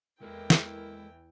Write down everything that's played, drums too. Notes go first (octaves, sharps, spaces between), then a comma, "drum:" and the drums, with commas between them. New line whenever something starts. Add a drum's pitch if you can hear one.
E2 E3 G#3 A#3 E4 A#4 G5
drum: snare